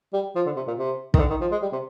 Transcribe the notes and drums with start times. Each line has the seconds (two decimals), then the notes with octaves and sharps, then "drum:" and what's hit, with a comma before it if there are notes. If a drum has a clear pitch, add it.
0.13 G3
0.36 F3
0.46 D3
0.56 C3
0.67 A#2
0.78 C3
1.14 D#3, drum: kick
1.19 D3
1.30 D#3
1.41 F3
1.51 G#3
1.62 G3
1.73 C3